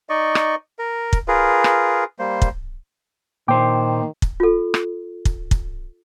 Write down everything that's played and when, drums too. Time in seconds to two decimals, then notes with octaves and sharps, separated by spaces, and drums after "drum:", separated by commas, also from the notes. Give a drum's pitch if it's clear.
0.09 D#4 D5 D#5 C#6
0.35 drum: rim click
0.79 A#4
1.13 drum: kick
1.28 F4 G#4 A#4 B4
1.64 drum: rim click
2.19 G3 A#3 C5
2.42 drum: kick
3.48 A#2 D#3 C5 G5 D6
4.22 drum: kick
4.40 F4 A4
4.74 drum: rim click
5.25 drum: kick
5.51 drum: kick